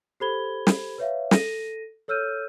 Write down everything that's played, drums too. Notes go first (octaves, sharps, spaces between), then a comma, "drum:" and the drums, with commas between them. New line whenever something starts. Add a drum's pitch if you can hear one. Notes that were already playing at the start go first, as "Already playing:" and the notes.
G4 A4 C5 B5 G#6 G7
drum: snare
B4 C#5 E5 F5
A4 A#6 D#7, drum: snare
A4 C#5 E6 F6 G6 D#7